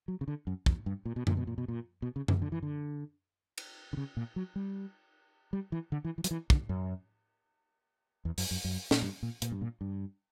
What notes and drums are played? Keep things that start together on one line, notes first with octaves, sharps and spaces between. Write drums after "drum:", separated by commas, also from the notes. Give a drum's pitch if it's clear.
F#3
C#3
D3
F#2
E2, drum: kick
G2
A#2
B2
A#2, drum: tom F#2
B2
A#2
B2
A#2
B2
C#3
C#3, drum: tom F#2
D3
E3
D3
drum: cymbal
D3
C#3
A#2
F#3
G3
G3
E3
D3
E3
E3
F#3, drum: hi-hat
E3
D3, drum: kick
F#2
E2
F#2, drum: open hi-hat
F#2
F#2
A#2, drum: snare
G2
A#2
A#2, drum: hi-hat
G2
A#2
G2